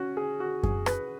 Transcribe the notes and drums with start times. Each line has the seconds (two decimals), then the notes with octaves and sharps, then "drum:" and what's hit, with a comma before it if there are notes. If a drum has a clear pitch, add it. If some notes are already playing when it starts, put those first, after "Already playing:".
Already playing: C#4 F#4
0.17 G#4
0.40 F#4
0.63 G#4, drum: kick F#2
0.86 B4, drum: rim click